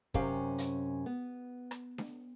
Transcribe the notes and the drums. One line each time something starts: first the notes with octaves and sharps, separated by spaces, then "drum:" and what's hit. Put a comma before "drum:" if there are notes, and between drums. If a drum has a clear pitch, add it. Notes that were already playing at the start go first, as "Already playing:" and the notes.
F#2 C3 C#4 G4 F5, drum: kick
drum: hi-hat
B3
drum: rim click
drum: snare D4